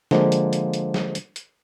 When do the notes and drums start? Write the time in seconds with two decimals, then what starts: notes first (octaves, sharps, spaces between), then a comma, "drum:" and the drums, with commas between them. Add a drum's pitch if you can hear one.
0.11 D3 F3 G#3 A#3, drum: snare
0.32 drum: hi-hat
0.53 drum: hi-hat
0.74 drum: hi-hat
0.94 drum: snare
1.15 drum: hi-hat
1.36 drum: hi-hat